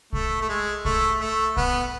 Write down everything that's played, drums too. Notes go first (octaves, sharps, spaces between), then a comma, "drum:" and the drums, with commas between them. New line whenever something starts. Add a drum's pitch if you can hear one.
A3, drum: kick
A3
G#3
A3, drum: kick
A3
B3, drum: kick